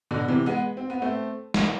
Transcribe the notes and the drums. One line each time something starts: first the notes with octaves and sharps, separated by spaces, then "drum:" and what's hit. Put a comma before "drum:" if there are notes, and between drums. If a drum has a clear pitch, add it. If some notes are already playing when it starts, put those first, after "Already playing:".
B2 D3
C3 E3
G#3 B3
C4
B3
A3 C4
drum: snare